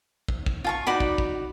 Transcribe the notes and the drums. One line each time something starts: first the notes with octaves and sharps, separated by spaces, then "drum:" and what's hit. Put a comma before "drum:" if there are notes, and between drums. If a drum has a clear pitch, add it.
drum: kick
drum: kick
F4 A5 C#6
D#4 F#4 D5 B5
drum: kick
drum: kick